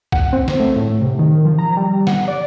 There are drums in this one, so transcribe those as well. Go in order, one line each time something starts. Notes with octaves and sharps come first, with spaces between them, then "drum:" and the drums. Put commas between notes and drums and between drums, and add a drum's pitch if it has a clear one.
F#5, drum: kick
C4
drum: snare
A3
A2
C3
D#3
F3
A#5
G3
F#5, drum: snare
D5